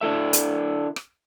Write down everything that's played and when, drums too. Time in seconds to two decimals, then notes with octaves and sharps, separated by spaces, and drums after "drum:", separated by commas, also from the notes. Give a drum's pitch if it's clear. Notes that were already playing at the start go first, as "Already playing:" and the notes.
0.01 D4 E4 A4 E5
0.33 drum: hi-hat
0.96 drum: rim click